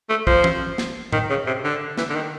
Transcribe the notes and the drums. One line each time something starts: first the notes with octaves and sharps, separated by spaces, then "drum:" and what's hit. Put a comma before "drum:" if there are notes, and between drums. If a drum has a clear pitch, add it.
A3
F3, drum: kick
drum: tom
drum: snare
D#3, drum: tom A2
C#3
C3
D3
E3, drum: snare
D3
D#3